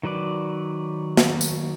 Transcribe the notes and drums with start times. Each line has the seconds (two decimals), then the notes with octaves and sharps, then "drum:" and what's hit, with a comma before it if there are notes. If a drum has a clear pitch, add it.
0.03 D#3 F#3 B4 D5
1.17 drum: snare
1.41 drum: tambourine